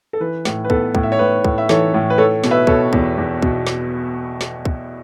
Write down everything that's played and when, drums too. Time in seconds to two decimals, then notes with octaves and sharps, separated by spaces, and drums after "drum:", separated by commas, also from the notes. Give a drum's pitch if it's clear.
0.13 A4
0.20 E3 B4
0.45 A2, drum: snare
0.64 B4
0.70 B3 A4, drum: kick
0.95 A2, drum: kick
1.03 E5
1.12 C#5
1.19 A2 B4
1.44 A2, drum: kick
1.58 E5
1.69 E3 A4 C#5, drum: snare
1.94 A2
2.10 B4
2.18 A3 A4 C#5
2.44 B2, drum: snare
2.51 B4 E5
2.67 B2 A4 C#5, drum: kick
2.93 E2, drum: kick
3.18 E2
3.42 B2, drum: kick
3.67 drum: snare
4.41 drum: snare
4.65 drum: kick